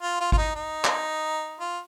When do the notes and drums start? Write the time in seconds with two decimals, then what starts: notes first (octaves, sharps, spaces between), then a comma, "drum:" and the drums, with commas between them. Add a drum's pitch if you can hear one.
0.02 F4
0.20 F4
0.32 F4, drum: kick G#1
0.37 D#4
0.56 D#4
0.85 drum: clap
1.60 F4